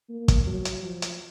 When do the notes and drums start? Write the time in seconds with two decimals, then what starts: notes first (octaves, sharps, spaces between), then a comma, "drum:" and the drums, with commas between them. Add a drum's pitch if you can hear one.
0.10 A#3
0.28 drum: kick, hi-hat
0.47 F#3
0.65 drum: hi-hat
0.83 F3
1.02 drum: hi-hat